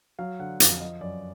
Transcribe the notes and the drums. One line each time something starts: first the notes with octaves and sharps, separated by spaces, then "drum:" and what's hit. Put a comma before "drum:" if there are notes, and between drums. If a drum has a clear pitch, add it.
F#3 F5
D3 F#5
F2 F5, drum: hi-hat
F3 D#5
F#2 D5